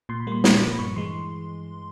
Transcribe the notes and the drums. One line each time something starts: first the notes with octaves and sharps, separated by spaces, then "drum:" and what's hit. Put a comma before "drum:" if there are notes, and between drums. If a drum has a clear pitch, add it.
A#2 C6
B5
G3 A#3 C6
A#2 B5, drum: snare
F3 A#3
G2 C#6
E3 G#3 C6